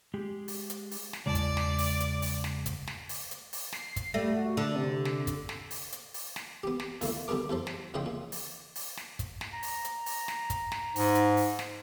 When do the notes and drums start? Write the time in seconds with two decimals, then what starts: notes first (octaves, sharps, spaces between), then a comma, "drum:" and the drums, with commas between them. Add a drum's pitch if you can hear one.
0.14 G#3 G4 G#4
0.48 drum: open hi-hat
0.70 drum: hi-hat
0.91 drum: open hi-hat
1.13 drum: snare
1.26 E2 C#3 G#3 D5 A5
1.35 drum: kick, hi-hat
1.57 drum: snare
1.79 drum: open hi-hat
2.00 drum: hi-hat
2.22 drum: open hi-hat
2.44 drum: snare
2.66 drum: kick, hi-hat
2.87 drum: snare
3.09 drum: open hi-hat
3.31 drum: hi-hat
3.53 drum: open hi-hat
3.72 C7, drum: snare
3.96 drum: kick, hi-hat
4.14 G3 A3
4.35 F#4
4.57 D3 D4
4.76 C3
5.05 drum: snare
5.27 drum: kick, hi-hat
5.49 drum: snare
5.71 drum: open hi-hat
5.92 drum: hi-hat
6.14 drum: open hi-hat
6.36 drum: snare
6.63 B3 G4
6.80 drum: snare
7.01 A#2 D3 A#3 E4, drum: open hi-hat
7.28 D3 G3 B3 G#4 A#4 D6
7.49 E2 G3 A4 C5
7.67 drum: snare
7.94 A#1 C#3 E3 D#5 G5 C6
8.06 A#2
8.32 drum: open hi-hat
8.76 drum: open hi-hat
8.97 drum: snare
9.19 drum: kick, hi-hat
9.41 drum: snare
9.53 A#5
9.63 drum: open hi-hat
9.84 drum: hi-hat
10.06 drum: open hi-hat
10.28 drum: snare
10.50 drum: kick, hi-hat
10.72 drum: snare
10.96 G#2, drum: open hi-hat
11.15 drum: hi-hat
11.37 drum: open hi-hat
11.59 drum: snare